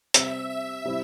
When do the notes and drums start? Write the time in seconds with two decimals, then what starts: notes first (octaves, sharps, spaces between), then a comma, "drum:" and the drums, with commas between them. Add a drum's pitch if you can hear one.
0.14 C3 G3 C4 E5, drum: hi-hat
0.49 E5
0.85 C3 G3 C4 E4